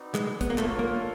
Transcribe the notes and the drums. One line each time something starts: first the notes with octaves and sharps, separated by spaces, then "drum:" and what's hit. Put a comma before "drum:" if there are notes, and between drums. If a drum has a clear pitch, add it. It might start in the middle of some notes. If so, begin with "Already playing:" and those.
Already playing: C4 D#4 F#4 B4 D5
G#3, drum: clap
B3, drum: kick, hi-hat
A#3
A3 D4 F4 A4 C#5, drum: clap
A#3